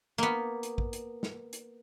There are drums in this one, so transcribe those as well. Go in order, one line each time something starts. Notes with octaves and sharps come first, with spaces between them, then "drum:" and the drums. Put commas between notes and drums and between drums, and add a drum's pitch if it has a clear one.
A#3 B3
drum: hi-hat
drum: kick
drum: hi-hat
drum: snare
drum: hi-hat